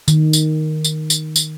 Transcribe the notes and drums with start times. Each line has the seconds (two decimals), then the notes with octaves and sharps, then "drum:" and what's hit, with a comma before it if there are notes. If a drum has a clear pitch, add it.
0.08 D#3, drum: tambourine
0.33 drum: tambourine
0.84 drum: tambourine
1.10 drum: tambourine
1.36 drum: tambourine